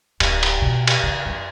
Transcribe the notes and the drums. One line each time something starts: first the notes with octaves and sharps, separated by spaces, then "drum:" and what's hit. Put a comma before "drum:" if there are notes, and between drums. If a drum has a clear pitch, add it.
D1, drum: cymbal
drum: cymbal
B2
drum: cymbal
C#3
F#2